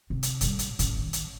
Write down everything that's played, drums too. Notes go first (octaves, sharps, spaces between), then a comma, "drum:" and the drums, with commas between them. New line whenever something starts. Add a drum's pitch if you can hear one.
C3
drum: hi-hat
A2 G3, drum: hi-hat
drum: hi-hat
A1, drum: hi-hat
D#3
drum: hi-hat